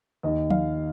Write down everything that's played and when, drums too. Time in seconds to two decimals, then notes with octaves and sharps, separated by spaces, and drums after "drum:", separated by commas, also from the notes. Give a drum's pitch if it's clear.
0.23 D#2 D#3 D#5
0.50 F5, drum: tom F3